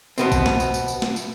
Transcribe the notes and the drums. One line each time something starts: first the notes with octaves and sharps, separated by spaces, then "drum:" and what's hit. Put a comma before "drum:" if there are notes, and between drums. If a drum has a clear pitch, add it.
B2 B3 C4, drum: tambourine
drum: kick, tambourine
drum: snare
drum: tambourine
drum: tambourine
drum: tambourine
drum: snare
drum: tambourine